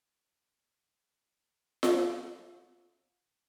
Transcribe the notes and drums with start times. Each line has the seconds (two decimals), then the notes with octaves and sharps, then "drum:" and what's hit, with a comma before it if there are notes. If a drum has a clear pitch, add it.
0.03 D#3 D4 B4
1.83 drum: snare F4
2.08 B5 G7
2.82 C6 C#6 B6 F7
3.08 C#6 F6 F#6